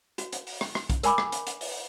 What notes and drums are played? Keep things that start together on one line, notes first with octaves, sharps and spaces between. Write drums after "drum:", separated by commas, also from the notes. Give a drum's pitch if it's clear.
F#4, drum: hi-hat
drum: hi-hat
drum: open hi-hat
drum: rim click
drum: rim click
drum: kick B1, hi-hat
A#4 D5 G#5 B5 D6, drum: hi-hat
drum: rim click
drum: hi-hat
drum: hi-hat
drum: open hi-hat